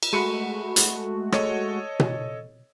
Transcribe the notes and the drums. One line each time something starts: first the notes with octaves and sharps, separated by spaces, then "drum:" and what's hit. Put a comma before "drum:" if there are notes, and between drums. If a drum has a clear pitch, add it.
drum: cymbal
G#3 A3 F#4 B5 C#7 D#7
drum: hi-hat
A4 C#5 D#5, drum: rim click
drum: tom B2